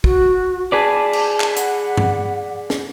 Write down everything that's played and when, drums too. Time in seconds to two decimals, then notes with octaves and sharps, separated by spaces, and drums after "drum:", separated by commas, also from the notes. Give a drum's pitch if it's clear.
0.04 F#4, drum: kick
0.72 G#4 B4 D5 A5
1.13 drum: cymbal
1.40 drum: clap
1.56 F#5, drum: hi-hat
1.97 drum: tom G2
2.70 drum: snare